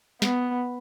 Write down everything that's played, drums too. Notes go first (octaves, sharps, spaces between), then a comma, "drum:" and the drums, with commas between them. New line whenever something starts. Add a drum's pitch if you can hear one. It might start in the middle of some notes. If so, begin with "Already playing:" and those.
B3, drum: snare